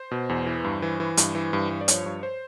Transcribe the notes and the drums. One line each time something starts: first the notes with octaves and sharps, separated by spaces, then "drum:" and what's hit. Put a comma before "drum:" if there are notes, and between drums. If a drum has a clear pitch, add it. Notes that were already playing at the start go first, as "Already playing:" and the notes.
Already playing: C5
B2
E2
E3
G2
E3
E3
G2, drum: hi-hat
E3
G2
G2
D5
F3 C#5, drum: hi-hat
G2
C5